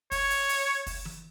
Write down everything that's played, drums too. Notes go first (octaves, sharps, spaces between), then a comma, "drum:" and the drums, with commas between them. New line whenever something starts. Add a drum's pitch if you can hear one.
C#5, drum: kick, open hi-hat
drum: open hi-hat
drum: open hi-hat
drum: kick, open hi-hat
drum: tom E3